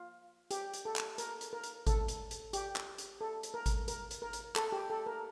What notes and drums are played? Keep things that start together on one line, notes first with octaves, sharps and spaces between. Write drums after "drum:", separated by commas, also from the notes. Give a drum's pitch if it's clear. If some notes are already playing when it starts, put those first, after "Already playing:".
Already playing: F4
G4, drum: hi-hat
drum: hi-hat
A4
drum: clap
A#4, drum: hi-hat
drum: hi-hat
A#4
drum: hi-hat
A4, drum: kick G#1, hi-hat
drum: hi-hat
drum: hi-hat
G4, drum: hi-hat
drum: clap
drum: hi-hat
A4
drum: hi-hat
A#4
drum: kick G#1, hi-hat
A#4, drum: hi-hat
drum: hi-hat
A#4
drum: hi-hat
A4, drum: clap
G4
A4
A#4